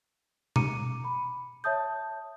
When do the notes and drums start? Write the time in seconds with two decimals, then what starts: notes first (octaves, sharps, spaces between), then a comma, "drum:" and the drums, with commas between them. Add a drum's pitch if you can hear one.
0.56 A#5 D6 C#7 D#7, drum: tom B2
1.04 B5
1.64 C#5 E5 A5 D#6 G6